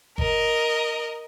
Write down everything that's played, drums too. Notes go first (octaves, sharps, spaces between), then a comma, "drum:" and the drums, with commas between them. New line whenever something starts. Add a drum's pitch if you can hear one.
A#4 D#5, drum: kick G1